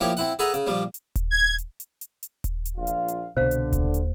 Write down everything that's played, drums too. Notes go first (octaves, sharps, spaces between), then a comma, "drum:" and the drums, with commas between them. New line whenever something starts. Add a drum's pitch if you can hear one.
F3 A#3 E4 G4 C#5
C4 E4 F#5
G#4 A4 B4 E5 F#5 A#5
C#3, drum: hi-hat
A#2 F3 G3
drum: hi-hat
drum: kick D#1, hi-hat
G#6
drum: hi-hat
drum: hi-hat
drum: hi-hat
drum: hi-hat
drum: kick D#1, hi-hat
drum: hi-hat
A#1 F4 F5
drum: hi-hat
drum: hi-hat
C2 B2 D3 C5 F5
drum: hi-hat
D#2, drum: kick D#1, hi-hat
drum: hi-hat